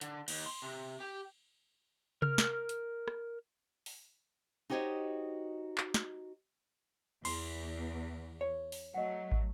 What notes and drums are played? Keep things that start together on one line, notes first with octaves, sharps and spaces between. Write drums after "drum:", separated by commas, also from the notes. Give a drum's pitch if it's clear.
D3, drum: hi-hat
D#2, drum: cymbal
C6
C3
G4
A#4 F6, drum: tom C3
drum: snare
drum: hi-hat
drum: rim click
drum: open hi-hat
D#4 F#4 G4 C5 C#5 D#5
drum: clap
drum: snare
E2 C6, drum: cymbal
C#5
drum: open hi-hat
F#3 A3 D#5 F#5
drum: kick